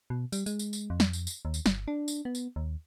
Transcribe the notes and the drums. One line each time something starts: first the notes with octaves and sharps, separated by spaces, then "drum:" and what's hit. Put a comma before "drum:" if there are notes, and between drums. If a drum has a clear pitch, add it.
B2
G3, drum: tambourine
G#3, drum: tambourine
drum: tambourine
drum: tambourine
F2
drum: snare
drum: tambourine
drum: tambourine
D#2
drum: tambourine
G1, drum: snare
D4
drum: tambourine
B3
drum: tambourine
D#2